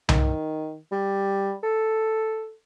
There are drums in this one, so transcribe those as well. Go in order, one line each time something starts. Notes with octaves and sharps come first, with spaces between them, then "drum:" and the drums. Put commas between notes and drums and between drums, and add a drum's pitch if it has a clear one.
D#3, drum: tom C2
G3
A4